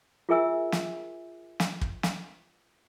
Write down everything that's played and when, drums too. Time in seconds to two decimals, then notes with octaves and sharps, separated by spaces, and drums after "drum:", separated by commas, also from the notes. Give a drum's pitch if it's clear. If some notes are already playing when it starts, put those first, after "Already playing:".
0.29 F4 G#4 A#4 E5 G#5 E6
0.72 drum: snare
1.60 drum: snare
1.81 drum: kick
2.03 drum: snare